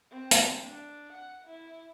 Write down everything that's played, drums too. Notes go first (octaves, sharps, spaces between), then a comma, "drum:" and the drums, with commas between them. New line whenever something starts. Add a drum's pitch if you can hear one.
C4
drum: hi-hat
D4
F#5
E4